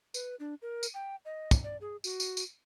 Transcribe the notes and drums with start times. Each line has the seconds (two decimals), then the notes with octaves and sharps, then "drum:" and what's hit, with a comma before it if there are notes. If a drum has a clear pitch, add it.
0.14 B4, drum: tambourine
0.40 D4
0.62 A#4
0.83 drum: tambourine
0.94 G5
1.25 D#5
1.51 drum: kick, tambourine
1.64 D5
1.81 G#4
2.04 F#4, drum: tambourine
2.20 drum: tambourine
2.37 drum: tambourine